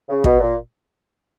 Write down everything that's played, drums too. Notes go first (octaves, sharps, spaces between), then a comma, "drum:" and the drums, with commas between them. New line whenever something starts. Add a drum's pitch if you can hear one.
C#3
B2, drum: kick
A#2